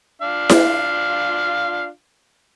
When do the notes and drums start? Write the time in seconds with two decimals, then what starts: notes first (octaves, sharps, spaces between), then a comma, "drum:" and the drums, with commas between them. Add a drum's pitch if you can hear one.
0.22 D4 F4 F5
0.49 drum: snare E4